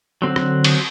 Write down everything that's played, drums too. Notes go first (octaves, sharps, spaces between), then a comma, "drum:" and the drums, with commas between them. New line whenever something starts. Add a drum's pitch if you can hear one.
D3 F#3 C4 F#4
drum: rim click
drum: cymbal